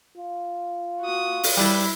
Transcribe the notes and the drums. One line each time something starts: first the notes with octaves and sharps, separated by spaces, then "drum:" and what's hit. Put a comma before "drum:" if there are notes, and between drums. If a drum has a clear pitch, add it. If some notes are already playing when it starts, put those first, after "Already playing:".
F4
F#4 D#6
drum: open hi-hat
G3 E4 B4 A5